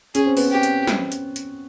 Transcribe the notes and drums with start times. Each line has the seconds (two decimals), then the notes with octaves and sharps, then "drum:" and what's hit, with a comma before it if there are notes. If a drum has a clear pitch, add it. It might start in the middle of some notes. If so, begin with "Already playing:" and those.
0.15 C#4 G#4, drum: hi-hat
0.26 C4
0.37 B3, drum: open hi-hat
0.47 C4 G4
0.63 drum: hi-hat
0.87 drum: snare
1.12 drum: hi-hat
1.36 drum: hi-hat